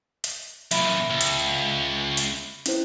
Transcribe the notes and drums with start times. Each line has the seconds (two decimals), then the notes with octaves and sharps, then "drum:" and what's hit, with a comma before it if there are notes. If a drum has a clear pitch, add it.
0.24 drum: hi-hat
0.71 F#2 A#2 E5 B5 D7, drum: hi-hat
1.10 C#2
1.21 drum: hi-hat
2.17 drum: hi-hat
2.66 C#4 E4 C5, drum: hi-hat